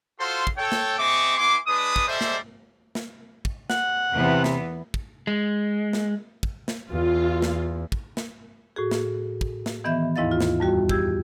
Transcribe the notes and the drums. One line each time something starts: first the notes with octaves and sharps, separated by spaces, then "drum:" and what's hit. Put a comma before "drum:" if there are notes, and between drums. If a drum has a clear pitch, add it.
F4 F#4 A4 C5 C6
drum: kick
A4 C#5 G5
drum: snare
C4 G#4 D#5 E5 C#6 D6
B3 E4 G#5 C6 D6
G#3 D4 B4 D#6
drum: kick
G3 G#3 A4 C5 D5 E5
drum: snare
drum: snare
drum: kick
F#5, drum: snare
E2 C3 E3 B3
drum: snare
drum: kick
G#3
drum: snare
drum: kick
drum: snare
E2 F4
drum: snare
drum: kick
drum: snare
A2 F#4 G#4
drum: snare
drum: kick
drum: snare
D#3 E3 B3 D#5 E5 G6
D#2 G#2 E4 D#5 F5 A6
F4
drum: snare
F2 G3 F#4 G5
G4 E6 G#6, drum: kick